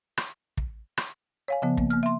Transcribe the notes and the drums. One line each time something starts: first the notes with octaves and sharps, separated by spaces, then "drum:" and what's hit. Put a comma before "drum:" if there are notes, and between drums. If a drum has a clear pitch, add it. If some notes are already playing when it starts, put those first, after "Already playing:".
drum: rim click
drum: kick
drum: rim click
C#5 F5 G#5
C#3 F3 B3
A#3, drum: kick
A#3 F6
E5 C6